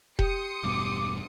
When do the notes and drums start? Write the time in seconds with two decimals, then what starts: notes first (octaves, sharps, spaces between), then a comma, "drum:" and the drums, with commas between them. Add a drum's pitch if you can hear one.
0.19 G4 C6 D#6 C#7, drum: kick E1
0.63 E1 G2 B2 D6